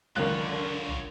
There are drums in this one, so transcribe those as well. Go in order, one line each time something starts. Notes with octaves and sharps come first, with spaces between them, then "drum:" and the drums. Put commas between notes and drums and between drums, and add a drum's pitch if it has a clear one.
C#2 F#2 D3 D#3 F4 C#5 F#6
drum: tom